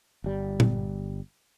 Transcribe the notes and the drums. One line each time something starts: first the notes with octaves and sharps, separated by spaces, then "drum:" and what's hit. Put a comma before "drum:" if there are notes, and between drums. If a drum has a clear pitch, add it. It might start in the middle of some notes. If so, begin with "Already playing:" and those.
G1 G3
drum: tom A#2